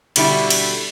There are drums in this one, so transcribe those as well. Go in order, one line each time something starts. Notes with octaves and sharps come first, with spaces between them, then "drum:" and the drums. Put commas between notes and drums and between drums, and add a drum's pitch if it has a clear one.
B2 D3 G3 E4, drum: cymbal
drum: cymbal